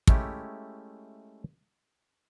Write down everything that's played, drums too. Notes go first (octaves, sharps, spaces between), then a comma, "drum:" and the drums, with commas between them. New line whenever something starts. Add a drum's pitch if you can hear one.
G#3 A3 C#4 E4 G4, drum: kick